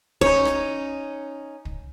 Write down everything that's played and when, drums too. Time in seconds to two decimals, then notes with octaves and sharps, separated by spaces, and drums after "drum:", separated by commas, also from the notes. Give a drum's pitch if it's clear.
0.21 C#4 D#4 C#5, drum: kick
0.45 drum: rim click
1.65 drum: kick